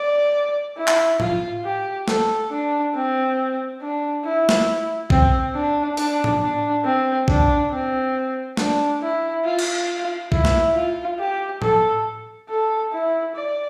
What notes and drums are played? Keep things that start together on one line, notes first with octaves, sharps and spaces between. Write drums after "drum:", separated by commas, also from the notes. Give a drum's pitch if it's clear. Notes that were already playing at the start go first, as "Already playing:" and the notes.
Already playing: D5
E4
drum: clap
F4, drum: tom A2
G4
A4, drum: snare
D4
C4
D4
E4
drum: snare
C4, drum: kick
D4
D4, drum: open hi-hat
drum: tom A2
D4
C4
D4, drum: kick
C4
D4, drum: snare
E4
F4
drum: cymbal
E4, drum: kick
drum: snare
F4
G4
A4, drum: tom A2
A4
E4
D5